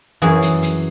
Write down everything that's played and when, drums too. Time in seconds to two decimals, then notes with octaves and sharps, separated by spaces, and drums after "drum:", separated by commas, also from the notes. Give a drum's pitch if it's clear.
0.22 F#2 E3 G#4
0.42 drum: hi-hat
0.63 drum: hi-hat